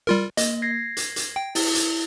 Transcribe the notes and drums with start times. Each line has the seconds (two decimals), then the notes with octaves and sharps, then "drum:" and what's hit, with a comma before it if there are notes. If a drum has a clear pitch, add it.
0.07 G3 F4 A#4
0.37 A#3 D#5, drum: hi-hat
0.62 G#6 A#6 C7
0.97 drum: hi-hat
1.16 drum: hi-hat
1.36 G5
1.55 E4, drum: open hi-hat
1.75 drum: hi-hat